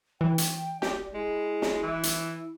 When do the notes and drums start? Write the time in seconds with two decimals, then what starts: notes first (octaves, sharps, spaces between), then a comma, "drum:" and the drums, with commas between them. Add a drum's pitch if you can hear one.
0.21 E3 G5
0.38 drum: hi-hat
0.82 G4 D5, drum: snare
1.14 G#3 E4
1.62 drum: snare
1.83 E3
2.03 drum: hi-hat